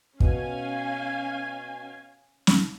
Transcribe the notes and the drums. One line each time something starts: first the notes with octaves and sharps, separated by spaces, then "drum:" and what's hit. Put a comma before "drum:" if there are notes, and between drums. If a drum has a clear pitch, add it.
B2 C#4 F5 G#5, drum: kick
drum: snare